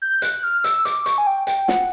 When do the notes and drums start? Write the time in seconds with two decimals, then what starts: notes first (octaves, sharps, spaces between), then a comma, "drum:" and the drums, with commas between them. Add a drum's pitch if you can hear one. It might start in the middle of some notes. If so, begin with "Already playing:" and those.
0.02 G6
0.22 F#6, drum: hi-hat
0.43 F6
0.64 E6, drum: hi-hat
0.85 D6, drum: hi-hat
1.06 C#6, drum: hi-hat
1.18 G#5
1.27 G5
1.47 G5, drum: hi-hat
1.68 F#5, drum: snare